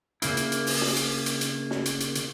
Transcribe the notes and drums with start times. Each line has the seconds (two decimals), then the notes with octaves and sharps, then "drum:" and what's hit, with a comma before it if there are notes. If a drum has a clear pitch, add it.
0.22 C#3 A#3 E4, drum: hi-hat
0.37 drum: hi-hat
0.52 drum: hi-hat
0.67 drum: open hi-hat
0.81 drum: snare
0.96 drum: hi-hat
1.26 drum: hi-hat
1.41 drum: hi-hat
1.71 drum: snare
1.85 drum: hi-hat
2.00 drum: hi-hat
2.15 drum: hi-hat